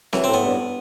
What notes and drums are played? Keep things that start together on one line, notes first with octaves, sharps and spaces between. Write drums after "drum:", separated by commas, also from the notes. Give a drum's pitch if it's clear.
E3 F#3, drum: snare C4
C4
A2
B3
G2